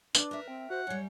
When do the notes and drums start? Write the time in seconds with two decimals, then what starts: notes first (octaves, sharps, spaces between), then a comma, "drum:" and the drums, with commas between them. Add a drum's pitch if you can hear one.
0.15 D4 B4, drum: tambourine
0.31 A#4 E5
0.48 C4 G5
0.70 F#4 C5 F#5
0.87 F#2 G3 C#5 C#7